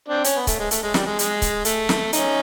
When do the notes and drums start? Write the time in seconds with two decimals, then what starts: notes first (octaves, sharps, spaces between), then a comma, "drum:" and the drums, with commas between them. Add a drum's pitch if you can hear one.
0.08 C4 D4
0.24 C#4, drum: hi-hat
0.36 B3
0.47 A3, drum: kick C#1, hi-hat
0.59 G#3
0.71 A3, drum: hi-hat
0.83 G#3
0.94 G3, drum: snare
1.06 G#3
1.19 G#3, drum: hi-hat
1.42 drum: kick C#1, hi-hat
1.65 A3, drum: hi-hat
1.89 drum: snare
2.13 C#4 D#4, drum: hi-hat